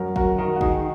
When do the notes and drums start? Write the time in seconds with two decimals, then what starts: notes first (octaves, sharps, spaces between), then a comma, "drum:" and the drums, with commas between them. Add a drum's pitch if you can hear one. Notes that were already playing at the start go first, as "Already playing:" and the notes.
Already playing: F#2 F#4 A#4
0.16 F#4 A#4, drum: kick
0.38 D#3 F#4 A#4
0.56 F#4
0.61 D#4 G#4, drum: kick